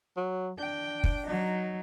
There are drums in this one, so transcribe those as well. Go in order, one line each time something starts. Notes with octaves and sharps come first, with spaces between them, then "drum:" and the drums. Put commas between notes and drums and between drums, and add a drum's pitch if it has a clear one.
F#3
D4 G5
drum: kick
F#3 D#4